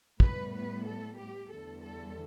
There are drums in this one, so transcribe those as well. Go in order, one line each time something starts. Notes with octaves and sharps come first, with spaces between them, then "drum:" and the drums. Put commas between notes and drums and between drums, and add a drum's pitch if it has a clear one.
A2 G3 B3 B4, drum: kick
B4
A4
G4
E2 D3 G3 A4
A4